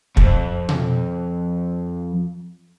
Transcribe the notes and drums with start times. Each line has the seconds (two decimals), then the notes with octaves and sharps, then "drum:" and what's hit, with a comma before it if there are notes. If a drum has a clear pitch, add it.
0.17 F2 G#2, drum: kick
0.69 drum: tom B2